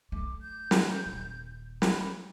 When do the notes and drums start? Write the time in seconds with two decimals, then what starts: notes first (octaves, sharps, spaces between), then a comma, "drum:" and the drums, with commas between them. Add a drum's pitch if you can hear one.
0.12 A3 D6
0.41 G6
0.71 drum: snare
1.06 D#1
1.82 B5, drum: snare